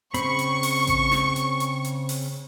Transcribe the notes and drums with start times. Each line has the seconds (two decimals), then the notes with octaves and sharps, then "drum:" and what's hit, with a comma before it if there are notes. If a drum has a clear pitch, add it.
0.14 C#3 C4 B5 C#6, drum: hi-hat
0.39 drum: hi-hat
0.63 drum: open hi-hat
0.87 drum: kick A1, hi-hat
1.12 drum: snare
1.36 drum: hi-hat
1.60 drum: hi-hat
1.84 drum: hi-hat
2.09 drum: open hi-hat